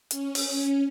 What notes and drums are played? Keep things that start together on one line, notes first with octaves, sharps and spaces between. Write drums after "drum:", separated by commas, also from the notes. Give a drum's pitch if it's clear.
C#4, drum: hi-hat
drum: open hi-hat